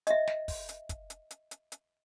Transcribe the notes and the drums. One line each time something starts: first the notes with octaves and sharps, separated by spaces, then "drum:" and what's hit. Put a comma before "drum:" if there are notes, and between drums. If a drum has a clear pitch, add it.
D#5 E5, drum: hi-hat
drum: snare
drum: kick, open hi-hat
drum: hi-hat
drum: kick, hi-hat
drum: hi-hat
drum: hi-hat
drum: hi-hat
drum: hi-hat